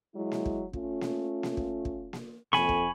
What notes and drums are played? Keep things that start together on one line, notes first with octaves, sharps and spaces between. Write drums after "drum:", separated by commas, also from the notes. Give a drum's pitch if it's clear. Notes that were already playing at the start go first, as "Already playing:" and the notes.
F#3 G#3 E4
drum: snare A#3
drum: kick
A3 C#4 F4, drum: kick
drum: snare A#3
drum: snare A#3
drum: kick
drum: kick
drum: snare A#3
F2 A4 G#5 B5 C#6, drum: snare A#3
drum: kick